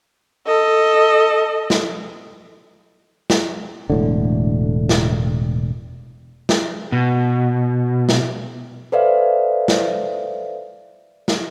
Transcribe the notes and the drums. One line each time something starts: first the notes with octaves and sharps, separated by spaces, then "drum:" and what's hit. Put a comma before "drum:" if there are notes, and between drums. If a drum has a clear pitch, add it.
A4 D#5
drum: snare
drum: snare
E1 A2 D3
drum: snare
drum: snare
B2
drum: snare
A4 B4 C5 D5 E5 F5
drum: snare
drum: snare